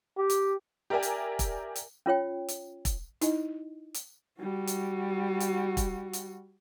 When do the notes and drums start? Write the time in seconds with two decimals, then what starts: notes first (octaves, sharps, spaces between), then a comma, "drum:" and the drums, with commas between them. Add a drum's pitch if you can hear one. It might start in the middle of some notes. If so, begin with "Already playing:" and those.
0.17 G4
0.30 drum: hi-hat
0.90 G4 A#4 D5 E5 G5 G#5
1.03 drum: hi-hat
1.39 drum: kick E1, hi-hat
1.76 drum: hi-hat
2.06 C#4 F4 C#5 G5
2.48 drum: hi-hat
2.85 drum: kick E1, hi-hat
3.21 D#4 E4 D#5, drum: hi-hat
3.94 drum: hi-hat
4.40 G3 F#4
4.67 drum: hi-hat
5.40 drum: hi-hat
5.77 drum: kick E1, hi-hat
6.13 drum: hi-hat